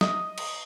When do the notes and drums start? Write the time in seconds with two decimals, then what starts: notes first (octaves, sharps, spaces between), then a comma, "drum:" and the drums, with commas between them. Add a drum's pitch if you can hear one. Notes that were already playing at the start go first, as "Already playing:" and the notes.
0.01 D#5, drum: snare
0.38 drum: cymbal